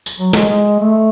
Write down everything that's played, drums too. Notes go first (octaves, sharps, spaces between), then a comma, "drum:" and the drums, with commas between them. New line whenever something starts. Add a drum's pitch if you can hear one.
drum: tambourine
F#3
G#3, drum: snare
G#3
A3